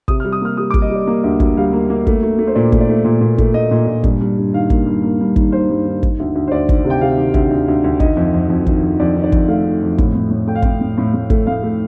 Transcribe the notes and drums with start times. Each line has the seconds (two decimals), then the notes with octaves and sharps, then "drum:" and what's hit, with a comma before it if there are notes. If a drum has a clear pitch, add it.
0.08 C3 D#6, drum: kick
0.20 F6
0.25 G3
0.32 D#6
0.42 A#3 F6
0.57 G3 D#6
0.70 D6
0.74 G3, drum: kick
0.82 D#5
0.90 G3
0.95 D5
1.07 A#3
1.23 D2
1.40 D2, drum: kick
1.57 G3 F5
1.73 A#3
1.90 A#3
2.07 A3, drum: kick
2.23 A3
2.39 A3
2.47 C5
2.55 A#2 D5
2.72 A3, drum: kick
2.81 D5
2.89 A3
3.05 A#2
3.21 A#2
3.38 A3, drum: kick
3.54 A3 D#5
3.71 A#2
3.87 A#2
4.04 G2, drum: kick
4.20 G2
4.38 G2
4.54 D#3 F5
4.70 A#3, drum: kick
4.86 G2
5.03 A#3
5.20 G2
5.36 D#3, drum: kick
5.52 D#3 C5
5.70 G2
5.86 D#3
6.03 D#3, drum: kick
6.19 D2
6.35 D2
6.48 C5
6.51 D2 D5
6.69 D#3, drum: kick
6.85 C3
6.90 G5
7.01 C3 F5
7.17 D#3
7.34 D2, drum: kick
7.51 D2
7.68 D2
7.84 D2
8.00 D#3 D#5, drum: kick
8.17 F2
8.34 F2
8.50 F2
8.66 D#3, drum: kick
8.83 F2
8.99 F2 D5
9.16 D#3
9.24 D5
9.32 F2, drum: kick
9.48 A3 F5
9.65 A3
9.83 F2
9.98 A2, drum: kick
10.15 A2
10.31 A2
10.47 A3 G5
10.55 F5
10.62 A2 G5, drum: kick
10.81 A2
10.98 A2
11.14 A2
11.30 A3, drum: kick
11.47 A2 F5
11.63 A3